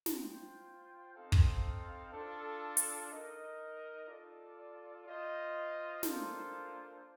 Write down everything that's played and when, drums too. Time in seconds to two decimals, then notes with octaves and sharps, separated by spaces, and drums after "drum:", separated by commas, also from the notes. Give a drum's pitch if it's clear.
0.06 drum: snare
0.16 F4 C5 G5
1.14 C4 D#4 A4 C5 F5
1.32 drum: kick
2.12 D4 F4 A4
2.77 drum: hi-hat
3.10 D#4 A#4 D#5
4.07 F4 A4 D5
5.05 F4 C5 D#5
6.03 A#3 D4 F4 A4 C5, drum: snare